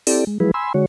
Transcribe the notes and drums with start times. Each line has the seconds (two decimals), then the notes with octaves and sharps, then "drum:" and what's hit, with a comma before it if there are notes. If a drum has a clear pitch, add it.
0.07 C4 E4 G4 A4 D5, drum: open hi-hat
0.27 G#3
0.40 F3 F#3 G#3 E4 G#4 B4
0.54 G#5 B5 C6 E6
0.74 D3 G#3 F#4 C#5